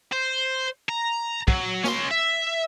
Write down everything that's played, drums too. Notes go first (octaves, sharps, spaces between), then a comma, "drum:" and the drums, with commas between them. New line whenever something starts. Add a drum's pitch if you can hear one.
C5
A#5
F#3, drum: kick
C#4 C6, drum: snare A#3
E5